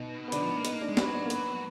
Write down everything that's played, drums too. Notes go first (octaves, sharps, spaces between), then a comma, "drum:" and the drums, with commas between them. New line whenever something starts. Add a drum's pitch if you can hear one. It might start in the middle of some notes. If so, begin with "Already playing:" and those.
Already playing: B2 D#4
B3
D3 D4, drum: hi-hat
F3
B3
A#3
B3 D#4, drum: hi-hat
A#3
D4
G#3
F#3 B3, drum: snare
D4
A#3
B3, drum: hi-hat